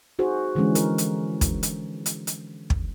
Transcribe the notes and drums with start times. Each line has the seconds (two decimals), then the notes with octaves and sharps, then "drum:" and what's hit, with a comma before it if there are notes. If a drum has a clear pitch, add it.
0.19 D#4 F#4 G#4 C5
0.55 D3 E3 F3 G#3 C#4
0.75 A#4, drum: hi-hat
0.98 drum: hi-hat
1.41 drum: kick, hi-hat
1.63 drum: hi-hat
2.06 drum: hi-hat
2.27 drum: hi-hat
2.70 drum: kick